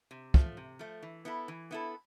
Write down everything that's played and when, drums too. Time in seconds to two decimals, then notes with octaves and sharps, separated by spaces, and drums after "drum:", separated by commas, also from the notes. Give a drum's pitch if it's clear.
0.11 C3
0.34 F3 A3, drum: kick
0.57 C3
0.79 F3 A3
1.03 E3
1.25 B3 E4 A4
1.48 E3
1.71 B3 E4 A4